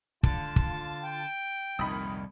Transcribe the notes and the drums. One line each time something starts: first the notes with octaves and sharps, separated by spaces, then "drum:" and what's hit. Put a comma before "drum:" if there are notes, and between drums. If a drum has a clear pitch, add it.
D3 F4 A5, drum: kick
drum: kick
G5
C2 F2 A#2 D#3 B5 D#6